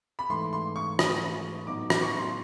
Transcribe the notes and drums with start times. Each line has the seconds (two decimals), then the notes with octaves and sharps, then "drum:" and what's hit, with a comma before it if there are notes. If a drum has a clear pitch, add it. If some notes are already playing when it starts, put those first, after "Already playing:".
0.19 B5
0.30 G#2 E3 A3 C6
0.53 C6
0.76 C#6
0.99 D#6, drum: rim click
1.67 A2 F#3 B3 D#4 D6
1.90 drum: rim click
2.02 C#6
2.18 C6